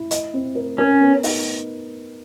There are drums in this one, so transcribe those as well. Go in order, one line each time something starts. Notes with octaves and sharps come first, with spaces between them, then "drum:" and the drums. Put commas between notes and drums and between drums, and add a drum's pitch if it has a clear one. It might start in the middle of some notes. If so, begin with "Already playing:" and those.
Already playing: E4
D#5, drum: hi-hat
C4
A#4
C#4 A#4
B3
D#4, drum: open hi-hat